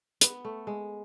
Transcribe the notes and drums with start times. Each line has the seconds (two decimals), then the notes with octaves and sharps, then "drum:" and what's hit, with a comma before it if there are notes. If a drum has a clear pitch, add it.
0.21 B3, drum: hi-hat
0.45 A3
0.67 G#3